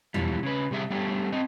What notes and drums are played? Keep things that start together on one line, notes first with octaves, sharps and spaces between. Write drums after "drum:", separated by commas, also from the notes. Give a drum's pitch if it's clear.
B2 E3 F3 G3, drum: tom
C#3 B4
C3 G3 G#4 E5
G3 A3 B3 D4 G4
C4 D#5